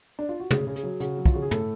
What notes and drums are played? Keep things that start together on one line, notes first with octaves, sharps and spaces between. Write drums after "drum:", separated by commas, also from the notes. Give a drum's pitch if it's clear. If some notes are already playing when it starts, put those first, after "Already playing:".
D4
F4
F#4
C#3 G#4, drum: tom
C#3
G#4, drum: hi-hat
F#3
C#3 F#4, drum: hi-hat
F#3
F4, drum: kick, hi-hat
C#3 F#4
G#4
A2 A4, drum: tom